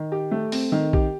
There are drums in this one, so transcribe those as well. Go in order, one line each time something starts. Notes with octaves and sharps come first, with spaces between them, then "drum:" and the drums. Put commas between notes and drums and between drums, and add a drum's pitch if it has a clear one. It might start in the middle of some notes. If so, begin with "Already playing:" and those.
Already playing: D#3
G4
A3
C4, drum: open hi-hat
D#3
G4, drum: kick A#1